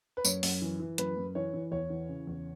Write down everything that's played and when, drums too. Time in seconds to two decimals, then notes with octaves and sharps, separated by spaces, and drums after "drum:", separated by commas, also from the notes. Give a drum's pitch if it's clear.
0.17 B4
0.25 F#2 C#5, drum: tambourine
0.43 F#2, drum: open hi-hat
0.62 E3
0.80 E3
0.98 F#2 B4, drum: hi-hat
1.17 F#2
1.35 E3 C#5
1.53 E3
1.72 E2 C#5
1.90 E3
2.09 C#3
2.27 E2